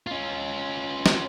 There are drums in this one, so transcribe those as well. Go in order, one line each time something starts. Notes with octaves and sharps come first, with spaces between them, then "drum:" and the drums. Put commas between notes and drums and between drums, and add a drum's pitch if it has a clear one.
C#4 F4
drum: snare